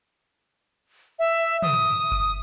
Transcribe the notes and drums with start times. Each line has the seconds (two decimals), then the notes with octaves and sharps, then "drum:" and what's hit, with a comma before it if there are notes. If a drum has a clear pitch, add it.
1.19 E5
1.62 D#6, drum: tom
2.11 drum: kick F#1